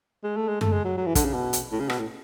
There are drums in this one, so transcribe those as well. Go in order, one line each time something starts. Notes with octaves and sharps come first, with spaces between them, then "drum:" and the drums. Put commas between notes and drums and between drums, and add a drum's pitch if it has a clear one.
G#3
A3
G#3
A3, drum: tom F#2
G#3
F#3
F#3
E3
D3, drum: kick, hi-hat
C#3
B2
drum: hi-hat
A2
C#3
B2, drum: rim click
A2